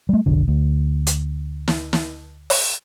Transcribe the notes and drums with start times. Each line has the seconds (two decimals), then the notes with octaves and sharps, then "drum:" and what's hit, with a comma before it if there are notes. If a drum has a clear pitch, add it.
0.09 G3 A3
0.26 F1 B1 D3
0.48 D2
1.07 drum: hi-hat
1.68 drum: snare
1.93 drum: snare
2.50 drum: open hi-hat